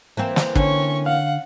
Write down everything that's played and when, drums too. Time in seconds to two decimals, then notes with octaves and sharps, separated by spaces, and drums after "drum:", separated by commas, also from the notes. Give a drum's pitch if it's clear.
0.17 E3 A#3 C4
0.36 drum: snare
0.55 D3 C#4 C#6, drum: kick
1.06 F5 F#5